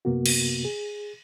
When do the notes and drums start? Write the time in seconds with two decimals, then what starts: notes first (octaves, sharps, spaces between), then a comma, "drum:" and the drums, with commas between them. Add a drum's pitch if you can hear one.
0.05 F#2 C3 A#3 B3 F#4
0.26 drum: cymbal
0.65 G#4